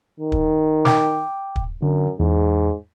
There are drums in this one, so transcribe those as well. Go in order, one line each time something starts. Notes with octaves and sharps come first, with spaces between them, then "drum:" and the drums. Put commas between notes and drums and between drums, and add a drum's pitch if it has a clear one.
D#3
drum: kick
G5 D6, drum: snare
drum: kick
F#2 D3
E2 G#2